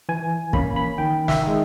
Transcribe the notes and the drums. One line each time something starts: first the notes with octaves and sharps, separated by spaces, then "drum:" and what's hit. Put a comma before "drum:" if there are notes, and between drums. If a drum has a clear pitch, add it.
E3 G#5
A#3 C#4 B5, drum: kick
B5
D#3 G5
E5, drum: snare
G#3 D#4